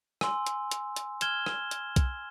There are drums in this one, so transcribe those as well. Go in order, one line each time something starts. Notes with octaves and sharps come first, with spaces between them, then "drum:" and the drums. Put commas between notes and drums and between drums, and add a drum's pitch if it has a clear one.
G#5 C6 E6, drum: rim click
drum: hi-hat
drum: hi-hat
drum: hi-hat
F6 G#6 E7 G7, drum: hi-hat
drum: rim click
drum: hi-hat
drum: kick B1, hi-hat